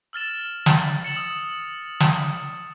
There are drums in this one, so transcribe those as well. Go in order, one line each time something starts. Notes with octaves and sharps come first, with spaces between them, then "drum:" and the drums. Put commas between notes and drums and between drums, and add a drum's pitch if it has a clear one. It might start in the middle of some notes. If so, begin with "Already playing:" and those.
E6 F6 A6 E7
drum: snare
A6 C#7 E7 F#7
D#6 E6
drum: snare